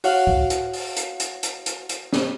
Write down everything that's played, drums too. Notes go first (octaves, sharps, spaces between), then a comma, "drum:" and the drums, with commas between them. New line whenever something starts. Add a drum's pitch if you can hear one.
F#4 C#5 F5 F#5, drum: open hi-hat
drum: kick
drum: hi-hat
drum: open hi-hat
drum: hi-hat
drum: hi-hat
drum: hi-hat
drum: hi-hat
drum: hi-hat
drum: snare